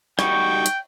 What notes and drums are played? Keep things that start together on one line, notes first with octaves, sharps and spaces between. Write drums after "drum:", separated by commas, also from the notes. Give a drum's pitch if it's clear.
G3 D#4 F#4 G5 C#6, drum: rim click
drum: hi-hat